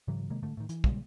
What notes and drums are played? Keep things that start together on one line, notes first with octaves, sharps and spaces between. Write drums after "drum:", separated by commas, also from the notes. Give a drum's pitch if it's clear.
G#2 C#3 E3 F#3
C3 D#3 G#3 A#3
G1 G#2 D3 A3
A2 D#3
E3, drum: hi-hat
A#2 C#3 G3 G#3, drum: kick